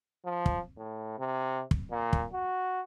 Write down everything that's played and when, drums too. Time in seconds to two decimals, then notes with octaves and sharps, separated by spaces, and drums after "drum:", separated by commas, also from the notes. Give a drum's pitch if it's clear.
0.25 F3
0.46 drum: kick
0.78 A2
1.18 C3
1.71 drum: kick
1.91 A#2
2.13 drum: kick
2.33 F#4